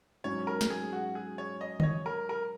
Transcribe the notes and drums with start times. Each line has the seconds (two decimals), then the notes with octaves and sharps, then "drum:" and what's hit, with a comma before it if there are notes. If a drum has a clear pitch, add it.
0.24 G#2 F#3 C#4 C#5
0.47 A#4
0.61 drum: snare
0.70 G#4
0.93 F#4
1.15 G#4
1.38 C#5
1.61 D#5
1.80 D#5, drum: tom D3
1.83 C#5
2.06 A#4
2.29 A#4